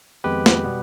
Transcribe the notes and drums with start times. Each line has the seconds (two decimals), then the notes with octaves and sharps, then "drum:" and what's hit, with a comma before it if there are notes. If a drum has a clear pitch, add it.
0.24 F2 D#3 G#3 B3 G4 B4
0.46 drum: snare
0.64 B2 G3 B3